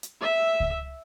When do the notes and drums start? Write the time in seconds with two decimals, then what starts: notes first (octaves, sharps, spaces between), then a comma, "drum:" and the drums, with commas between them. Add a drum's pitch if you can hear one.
0.03 drum: hi-hat
0.21 E5
0.60 drum: kick C#2